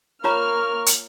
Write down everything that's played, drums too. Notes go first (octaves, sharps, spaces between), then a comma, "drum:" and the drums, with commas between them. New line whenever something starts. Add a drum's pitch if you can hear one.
A#3 F4 A#4 C#5 A#5 C#6 F6
drum: hi-hat